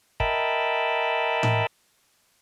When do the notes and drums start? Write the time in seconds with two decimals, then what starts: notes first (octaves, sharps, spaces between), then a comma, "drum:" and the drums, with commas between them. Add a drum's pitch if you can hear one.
0.20 A#4 D#5 E5 G5 A5 B5, drum: kick
1.43 drum: tom A2